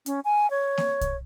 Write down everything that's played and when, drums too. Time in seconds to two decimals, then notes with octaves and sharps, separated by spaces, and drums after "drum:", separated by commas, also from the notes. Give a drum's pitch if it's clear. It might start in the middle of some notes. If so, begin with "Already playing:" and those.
0.06 C#4, drum: hi-hat
0.25 G#5
0.50 C#5
0.78 drum: snare A#3
1.01 drum: kick B1, hi-hat